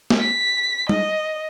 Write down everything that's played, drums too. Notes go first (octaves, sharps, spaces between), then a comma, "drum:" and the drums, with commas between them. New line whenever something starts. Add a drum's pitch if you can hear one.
drum: snare A#3
B6
D#5, drum: tom G3